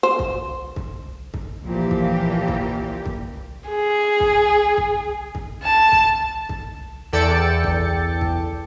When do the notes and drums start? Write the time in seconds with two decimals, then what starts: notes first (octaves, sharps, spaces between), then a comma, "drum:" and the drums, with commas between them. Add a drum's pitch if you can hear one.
0.03 C5
0.19 drum: kick C2
0.76 drum: kick C2
1.34 drum: kick C2
1.66 A#2 E3 F3 G4
1.91 drum: kick C2
2.48 drum: kick C2
3.06 drum: kick C2
3.69 G#4
4.20 drum: kick C2
4.77 drum: kick C2
5.35 drum: kick C2
5.63 A5
5.92 drum: kick C2
6.49 drum: kick C2
7.13 E2 A4 D5 G5 A6 C#7
7.64 drum: kick C2
8.21 drum: kick C2